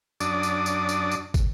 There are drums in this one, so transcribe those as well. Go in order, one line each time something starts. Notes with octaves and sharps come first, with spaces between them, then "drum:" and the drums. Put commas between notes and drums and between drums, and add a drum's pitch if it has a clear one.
F#2 D4 D5 D#6, drum: tambourine
drum: tambourine
drum: tambourine
drum: tambourine
drum: tambourine
drum: kick, tambourine